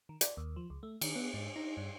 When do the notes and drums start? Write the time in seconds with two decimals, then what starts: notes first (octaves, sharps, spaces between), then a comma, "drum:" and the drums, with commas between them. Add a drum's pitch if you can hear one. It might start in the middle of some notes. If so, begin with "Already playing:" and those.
0.09 D#3
0.21 D5, drum: hi-hat
0.37 D#2
0.56 F3
0.70 C#2
0.83 A3
1.01 D#3, drum: cymbal
1.16 B3
1.34 G#2
1.56 D#4
1.77 G2